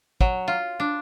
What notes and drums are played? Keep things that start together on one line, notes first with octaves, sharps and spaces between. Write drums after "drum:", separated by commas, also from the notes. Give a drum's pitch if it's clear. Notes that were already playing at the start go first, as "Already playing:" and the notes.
F#3, drum: kick
F4
D4